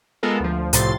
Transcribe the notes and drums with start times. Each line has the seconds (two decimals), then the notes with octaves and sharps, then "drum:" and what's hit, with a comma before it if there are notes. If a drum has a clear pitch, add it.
0.23 G#3 B3 F4 A4 A#4
0.40 D2 F3
0.73 C2 A2 C3 F3 C6 A6, drum: hi-hat